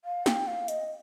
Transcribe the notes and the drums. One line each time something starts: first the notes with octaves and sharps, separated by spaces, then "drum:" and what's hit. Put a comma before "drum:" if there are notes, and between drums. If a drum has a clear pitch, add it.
F5
G5, drum: snare
F5
D#5, drum: hi-hat